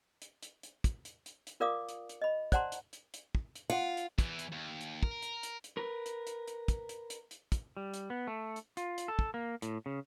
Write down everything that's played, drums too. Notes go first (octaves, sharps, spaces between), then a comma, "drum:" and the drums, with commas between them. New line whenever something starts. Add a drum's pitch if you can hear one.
drum: hi-hat
drum: hi-hat
drum: hi-hat
drum: kick, hi-hat
drum: hi-hat
drum: hi-hat
drum: hi-hat
F4 A#4 D5 F5 D6 D#6
drum: hi-hat
drum: hi-hat
D#5 B5
C5 D5 F#5 A5 A#5 C6, drum: kick, hi-hat
drum: hi-hat
drum: hi-hat
drum: hi-hat
drum: kick
drum: hi-hat
F4 F#5
drum: hi-hat
E2 E3, drum: kick, hi-hat
drum: hi-hat
D#2
drum: hi-hat
A#4, drum: kick
drum: hi-hat
drum: hi-hat
drum: hi-hat
A#4 B4
drum: hi-hat
drum: hi-hat
drum: hi-hat
drum: kick, hi-hat
drum: hi-hat
drum: hi-hat
drum: hi-hat
drum: kick, hi-hat
G3
drum: hi-hat
B3
A3
drum: hi-hat
F4, drum: hi-hat
drum: hi-hat
A4
drum: kick
A#3
A2, drum: hi-hat
C#3